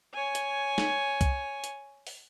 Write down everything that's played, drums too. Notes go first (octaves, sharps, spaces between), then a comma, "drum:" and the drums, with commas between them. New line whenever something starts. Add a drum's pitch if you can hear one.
C#5 G#5
drum: hi-hat
drum: snare
drum: kick C2, hi-hat
drum: hi-hat
drum: open hi-hat